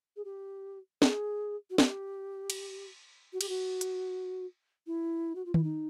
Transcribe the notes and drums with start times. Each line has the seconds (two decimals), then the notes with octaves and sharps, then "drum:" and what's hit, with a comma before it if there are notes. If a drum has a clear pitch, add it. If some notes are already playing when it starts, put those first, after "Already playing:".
0.16 G#4
0.24 G4
1.02 G#4, drum: snare
1.70 F#4
1.78 G4, drum: snare
2.50 drum: cymbal
3.33 F#4
3.41 G4, drum: cymbal
3.49 F#4
3.81 drum: hi-hat
4.87 E4
5.35 F#4
5.45 F4
5.54 E4, drum: tom D#3
5.63 D#4